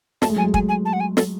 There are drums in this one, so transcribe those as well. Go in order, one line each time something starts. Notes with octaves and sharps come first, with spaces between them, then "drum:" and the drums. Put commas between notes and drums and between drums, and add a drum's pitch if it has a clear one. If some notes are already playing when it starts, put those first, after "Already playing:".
A3 A5, drum: snare
G#3
F#3 G#5
G#3
G#5, drum: kick
G#5
A5
F#5
G#5
A4, drum: snare